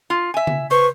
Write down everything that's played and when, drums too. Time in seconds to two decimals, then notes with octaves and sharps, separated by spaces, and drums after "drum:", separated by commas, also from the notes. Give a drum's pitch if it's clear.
0.10 F4
0.34 E5 G#5
0.47 drum: tom C#3
0.71 B4 C5 C#6